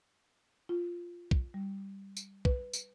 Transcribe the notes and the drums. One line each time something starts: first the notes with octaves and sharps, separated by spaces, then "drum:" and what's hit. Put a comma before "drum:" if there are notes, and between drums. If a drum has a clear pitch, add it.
F4
drum: kick
G3
drum: tambourine
B4, drum: kick
drum: tambourine